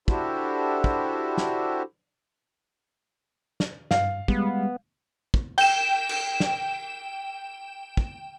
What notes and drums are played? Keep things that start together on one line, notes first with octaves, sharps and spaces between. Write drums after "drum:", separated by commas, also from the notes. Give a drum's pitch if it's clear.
D4 E4 F#4 G4 A4 C5, drum: kick
drum: kick
drum: snare
drum: snare
G2 F5, drum: snare
G3 G#3 B3, drum: kick
drum: kick
G5 E7, drum: cymbal
drum: cymbal
drum: snare
drum: kick